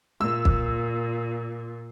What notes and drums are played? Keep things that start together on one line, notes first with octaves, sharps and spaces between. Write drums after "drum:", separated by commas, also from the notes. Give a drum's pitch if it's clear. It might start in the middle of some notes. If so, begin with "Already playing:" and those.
A#2 E6
drum: kick